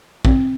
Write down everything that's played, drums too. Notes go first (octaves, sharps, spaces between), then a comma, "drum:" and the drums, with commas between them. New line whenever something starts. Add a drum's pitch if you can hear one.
C4, drum: kick